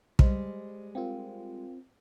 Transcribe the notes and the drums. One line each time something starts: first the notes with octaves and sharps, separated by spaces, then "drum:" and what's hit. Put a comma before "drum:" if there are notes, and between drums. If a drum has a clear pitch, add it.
G3 G#3 C5 D#5, drum: kick
C4 F4 A#4 F5 G5